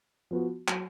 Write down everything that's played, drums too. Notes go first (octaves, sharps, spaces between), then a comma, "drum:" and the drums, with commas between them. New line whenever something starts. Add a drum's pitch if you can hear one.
F3 B3 F#4
F#3, drum: clap